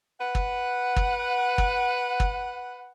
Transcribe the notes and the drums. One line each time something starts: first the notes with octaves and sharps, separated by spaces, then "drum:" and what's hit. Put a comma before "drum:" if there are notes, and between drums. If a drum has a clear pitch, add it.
B4 F#5
drum: kick
drum: kick
drum: kick
drum: kick